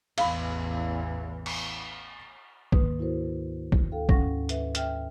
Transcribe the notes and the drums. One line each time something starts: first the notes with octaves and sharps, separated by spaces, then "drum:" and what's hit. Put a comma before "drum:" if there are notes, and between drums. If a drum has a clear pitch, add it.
A1 E2 E3 F5 B5, drum: cymbal
drum: cymbal
D2 G#2 D#3 A#3 B4 D#6, drum: kick
E4 F#4 A#4 C5
drum: kick
D2 A4 F5 G5
D2 G#2 C#4 F#5 C#6 A#6, drum: kick
B4 E5, drum: hi-hat
E5 G5 F6, drum: hi-hat